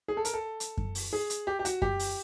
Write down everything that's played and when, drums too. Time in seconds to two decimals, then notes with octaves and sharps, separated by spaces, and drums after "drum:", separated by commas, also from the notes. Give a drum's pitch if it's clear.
0.08 G#4
0.17 A4
0.25 A#4, drum: hi-hat
0.34 A4
0.60 drum: hi-hat
0.78 drum: kick F#2
0.95 drum: open hi-hat
1.13 G#4
1.30 drum: hi-hat
1.47 G4
1.59 G4
1.65 F#4, drum: hi-hat
1.82 G4, drum: kick F#2
1.99 drum: open hi-hat